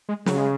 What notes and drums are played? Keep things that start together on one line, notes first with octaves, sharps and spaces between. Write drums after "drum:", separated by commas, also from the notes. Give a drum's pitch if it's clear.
G#3
C#3 F#3, drum: snare
G#3